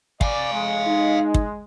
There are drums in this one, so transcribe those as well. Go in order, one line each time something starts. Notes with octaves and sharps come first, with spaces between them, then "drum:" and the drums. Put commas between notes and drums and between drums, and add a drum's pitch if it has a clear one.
D5 F5 G#5, drum: kick
G#3
D#4
drum: kick